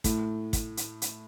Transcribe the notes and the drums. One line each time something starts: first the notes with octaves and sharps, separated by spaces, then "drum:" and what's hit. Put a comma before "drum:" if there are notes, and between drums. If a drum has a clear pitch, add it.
A2, drum: kick, hi-hat
drum: kick, hi-hat
drum: hi-hat
drum: hi-hat